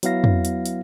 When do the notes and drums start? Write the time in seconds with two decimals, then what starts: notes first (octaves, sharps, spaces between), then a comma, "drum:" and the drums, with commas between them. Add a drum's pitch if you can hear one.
0.03 F#3 B3 E4 F5 A#6, drum: hi-hat
0.24 drum: tom
0.45 drum: hi-hat
0.65 drum: hi-hat